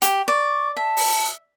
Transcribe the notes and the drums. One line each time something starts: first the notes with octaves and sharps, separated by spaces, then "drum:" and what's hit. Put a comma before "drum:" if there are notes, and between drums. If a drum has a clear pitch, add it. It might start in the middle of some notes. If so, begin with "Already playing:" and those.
G4, drum: hi-hat
D5 C#6
E5 A5
drum: open hi-hat